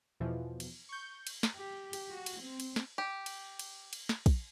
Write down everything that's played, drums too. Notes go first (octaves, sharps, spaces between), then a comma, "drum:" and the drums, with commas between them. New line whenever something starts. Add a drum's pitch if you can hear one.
E2 B2 E3 F3
drum: cymbal
C#6 G6
drum: cymbal
drum: snare
G4
drum: cymbal
F#4
drum: cymbal
C4
drum: cymbal
drum: snare
G4
drum: cymbal
drum: cymbal
drum: cymbal
drum: snare
drum: kick, cymbal